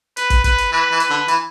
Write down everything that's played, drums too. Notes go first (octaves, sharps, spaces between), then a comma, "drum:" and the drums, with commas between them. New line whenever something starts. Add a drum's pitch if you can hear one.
B4, drum: hi-hat
drum: kick, hi-hat
B4, drum: kick, hi-hat
drum: hi-hat
E3 B4
E3
B4, drum: hi-hat
D3
E3, drum: hi-hat